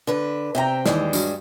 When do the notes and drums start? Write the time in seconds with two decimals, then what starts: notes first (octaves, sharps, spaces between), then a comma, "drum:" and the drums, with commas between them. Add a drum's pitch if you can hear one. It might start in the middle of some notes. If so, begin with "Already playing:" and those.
0.07 D3 B4
0.55 C3 C5 E5 G5 A#5
0.86 D#2 E3 G3 G#3, drum: snare
1.13 G2 F#3, drum: tambourine